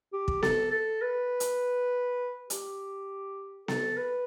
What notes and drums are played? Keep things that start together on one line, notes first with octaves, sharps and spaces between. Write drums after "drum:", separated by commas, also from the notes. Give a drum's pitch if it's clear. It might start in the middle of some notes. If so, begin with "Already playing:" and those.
G4
drum: kick
A4, drum: snare B3
A4
B4
drum: hi-hat
G4, drum: hi-hat
A4, drum: snare B3
B4